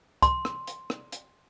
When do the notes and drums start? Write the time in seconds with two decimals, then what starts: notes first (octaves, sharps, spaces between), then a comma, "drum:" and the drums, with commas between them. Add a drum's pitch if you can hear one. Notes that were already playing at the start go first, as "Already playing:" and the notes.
0.22 C6, drum: kick C#2, hi-hat
0.45 drum: rim click
0.67 drum: hi-hat
0.90 drum: rim click
1.12 drum: hi-hat